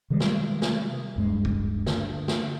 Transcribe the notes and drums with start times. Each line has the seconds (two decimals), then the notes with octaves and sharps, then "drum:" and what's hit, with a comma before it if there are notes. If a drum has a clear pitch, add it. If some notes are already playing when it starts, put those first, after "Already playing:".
0.10 C3 D#3 G3 G#3
0.20 drum: snare
0.62 drum: snare
1.16 D1 G2 G#3
1.45 drum: kick
1.86 D3, drum: snare
2.28 drum: snare